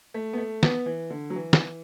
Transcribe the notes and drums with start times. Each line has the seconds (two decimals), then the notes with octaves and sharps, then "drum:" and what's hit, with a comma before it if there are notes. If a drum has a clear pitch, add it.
0.14 A3
0.33 B3
0.38 A3
0.63 B3, drum: snare
0.86 E3
1.10 D3
1.30 F#3
1.35 E3
1.53 drum: snare